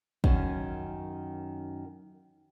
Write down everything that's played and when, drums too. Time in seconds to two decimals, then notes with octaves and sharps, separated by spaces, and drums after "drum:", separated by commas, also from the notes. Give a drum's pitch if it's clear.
0.24 F#2 D#3 C#4, drum: kick